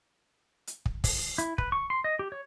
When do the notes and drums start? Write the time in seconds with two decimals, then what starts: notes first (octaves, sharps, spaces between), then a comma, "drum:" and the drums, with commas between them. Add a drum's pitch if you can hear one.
0.67 drum: hi-hat
0.86 drum: kick
1.04 drum: kick, open hi-hat
1.38 E4, drum: hi-hat
1.58 B4, drum: kick
1.72 C#6
1.90 C6
2.04 D#5
2.19 G4
2.32 C#5